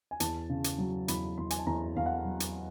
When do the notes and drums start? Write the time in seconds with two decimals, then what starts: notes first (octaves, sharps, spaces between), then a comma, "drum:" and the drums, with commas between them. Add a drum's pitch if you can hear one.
0.11 G#5
0.20 E2 A5, drum: hi-hat
0.49 C#3
0.64 drum: hi-hat
0.78 F#3
1.08 E2 B5, drum: hi-hat
1.38 E2 C6
1.50 G#5, drum: hi-hat
1.59 A5
1.67 E2 A#5
1.96 E2 F5
2.06 F#5
2.16 F5
2.25 F#3
2.40 drum: hi-hat